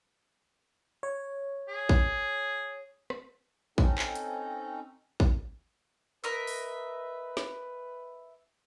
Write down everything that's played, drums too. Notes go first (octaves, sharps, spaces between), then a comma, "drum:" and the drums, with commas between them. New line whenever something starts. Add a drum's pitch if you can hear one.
C#5
G#4
drum: kick
drum: rim click
C4 C#4 D#4 A4 A#5, drum: kick
drum: clap
drum: hi-hat
drum: kick
A#4 B4 D#5 E5
drum: open hi-hat
drum: snare